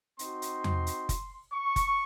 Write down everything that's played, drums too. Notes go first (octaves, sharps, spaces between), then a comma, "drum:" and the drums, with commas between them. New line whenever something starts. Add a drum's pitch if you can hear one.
C4 D#4 F#4 C6, drum: hi-hat
drum: hi-hat
drum: tom E2
drum: hi-hat
drum: kick F#1, hi-hat
C#6
drum: kick F#1, hi-hat